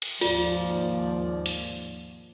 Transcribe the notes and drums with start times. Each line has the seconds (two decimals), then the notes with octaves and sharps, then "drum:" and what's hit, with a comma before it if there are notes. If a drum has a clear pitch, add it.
0.02 drum: cymbal
0.21 D#2 G#2 F3 F4 D5, drum: open hi-hat
1.46 drum: hi-hat